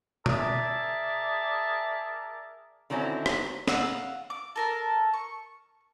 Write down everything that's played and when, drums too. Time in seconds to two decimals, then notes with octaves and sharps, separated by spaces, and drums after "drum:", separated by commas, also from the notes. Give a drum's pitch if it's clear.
0.26 G#4 A#4 D5 E5 A5, drum: tom
2.90 D3 D#3 F#3 C4 C#4 E4
3.26 drum: rim click
3.68 F5 F#5 E6, drum: snare
4.30 D6
4.56 A4 A#4 F6
5.14 C#6